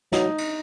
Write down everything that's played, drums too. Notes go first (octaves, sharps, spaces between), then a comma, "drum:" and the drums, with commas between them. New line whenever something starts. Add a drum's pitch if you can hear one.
F#3 D#4, drum: snare
drum: cymbal